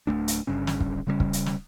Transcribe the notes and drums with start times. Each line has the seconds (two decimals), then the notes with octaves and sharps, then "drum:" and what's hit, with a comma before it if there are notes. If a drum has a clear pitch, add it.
0.07 D1 F2 A3 D4
0.28 drum: hi-hat
0.47 G1 G2 C#3 C#4
0.67 drum: snare
0.80 drum: kick
1.07 C#3 G3 A3 C#4
1.20 drum: kick
1.33 drum: hi-hat
1.46 drum: snare